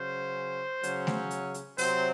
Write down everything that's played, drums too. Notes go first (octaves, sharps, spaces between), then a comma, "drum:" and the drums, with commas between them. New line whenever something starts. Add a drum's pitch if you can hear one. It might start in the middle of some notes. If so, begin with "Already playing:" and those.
Already playing: C#3 F#3 C#4 C5
C#3 F#3 C#4, drum: hi-hat
drum: snare A3
drum: hi-hat
drum: hi-hat
C3 F#3 C4 C5, drum: open hi-hat